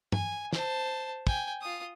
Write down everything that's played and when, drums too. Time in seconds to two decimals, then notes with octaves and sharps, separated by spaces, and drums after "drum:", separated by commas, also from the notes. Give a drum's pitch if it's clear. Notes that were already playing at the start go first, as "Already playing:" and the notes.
0.12 G#5, drum: tom G2
0.53 C5 A5, drum: snare
1.27 G5 G#5, drum: kick
1.61 F4 D#6